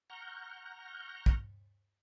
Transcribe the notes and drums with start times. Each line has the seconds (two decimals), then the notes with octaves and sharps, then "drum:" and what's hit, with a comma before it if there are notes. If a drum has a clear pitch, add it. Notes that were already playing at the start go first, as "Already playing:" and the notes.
0.10 F#5 A#5 C#6 F6 G6
1.26 drum: kick